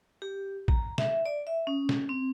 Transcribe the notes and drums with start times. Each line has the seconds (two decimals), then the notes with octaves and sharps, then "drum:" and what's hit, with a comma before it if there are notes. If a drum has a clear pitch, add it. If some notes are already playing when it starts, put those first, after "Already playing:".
0.22 G4
0.68 A#5, drum: kick
0.98 E5, drum: snare
1.26 D5
1.47 E5
1.67 C#4
1.89 drum: snare
2.09 C4